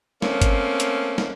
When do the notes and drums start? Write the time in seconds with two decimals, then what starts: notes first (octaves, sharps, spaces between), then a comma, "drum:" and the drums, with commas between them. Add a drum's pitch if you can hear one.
0.22 A3 A#3 C4 C#4, drum: snare
0.42 drum: kick, hi-hat
0.80 drum: hi-hat
1.18 drum: snare